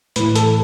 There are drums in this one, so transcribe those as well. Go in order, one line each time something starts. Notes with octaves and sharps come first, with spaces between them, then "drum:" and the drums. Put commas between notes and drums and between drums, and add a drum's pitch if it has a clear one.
A2 E3 B4, drum: hi-hat
A4, drum: hi-hat